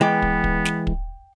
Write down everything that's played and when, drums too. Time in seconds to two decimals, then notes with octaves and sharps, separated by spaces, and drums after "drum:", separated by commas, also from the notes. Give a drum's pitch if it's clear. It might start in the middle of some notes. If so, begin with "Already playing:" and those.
0.01 E3 G#3 B3 G5 D6
0.22 drum: kick
0.44 drum: kick
0.65 drum: snare
0.87 drum: kick